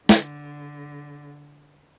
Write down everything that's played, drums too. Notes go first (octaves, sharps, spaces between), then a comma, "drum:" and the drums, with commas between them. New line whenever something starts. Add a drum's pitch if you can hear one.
D3, drum: snare